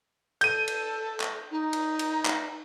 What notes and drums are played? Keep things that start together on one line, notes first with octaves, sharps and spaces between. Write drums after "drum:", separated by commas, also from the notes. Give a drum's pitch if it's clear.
A4 G6 D#7, drum: cymbal
drum: cymbal
drum: clap
D#4
drum: cymbal
drum: cymbal
drum: clap